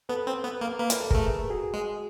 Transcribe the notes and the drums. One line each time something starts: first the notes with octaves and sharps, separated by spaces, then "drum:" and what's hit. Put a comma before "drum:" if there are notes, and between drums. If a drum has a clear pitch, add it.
B3 A4 B4
C4
B3
A#3
A#3 B4
A#4, drum: hi-hat
A4
A3 G#4 A#4, drum: kick
F#4 G#4
G#3